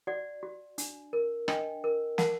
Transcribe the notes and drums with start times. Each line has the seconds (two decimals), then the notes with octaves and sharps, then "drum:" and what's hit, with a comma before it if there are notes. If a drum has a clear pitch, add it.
0.07 F#4 D5 F#5
0.43 F#4
0.78 D4, drum: hi-hat
1.13 A#4
1.48 D4 D#5 G5, drum: rim click
1.84 A#4
2.18 A#4 F#5 A5, drum: snare